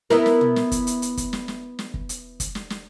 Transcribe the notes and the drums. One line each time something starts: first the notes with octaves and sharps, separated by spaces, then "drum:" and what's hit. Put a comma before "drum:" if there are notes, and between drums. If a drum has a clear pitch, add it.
B3 E4 A#4, drum: snare
drum: snare
drum: tom
drum: snare
drum: kick, hi-hat
drum: hi-hat
drum: hi-hat
drum: kick, hi-hat
drum: snare
drum: snare
drum: snare
drum: kick
drum: hi-hat
drum: kick, hi-hat
drum: snare
drum: snare